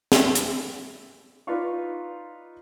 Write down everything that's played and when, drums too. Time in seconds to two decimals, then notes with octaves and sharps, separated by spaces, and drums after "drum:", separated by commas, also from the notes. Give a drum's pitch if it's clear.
0.12 E5, drum: snare
0.35 drum: hi-hat
1.47 D#4 F4 B4 D5 F5 C#6